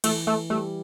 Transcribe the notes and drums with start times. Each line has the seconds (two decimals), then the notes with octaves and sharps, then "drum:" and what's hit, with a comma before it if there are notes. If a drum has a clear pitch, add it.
0.04 E3 A3, drum: cymbal
0.27 A3
0.50 G3 A3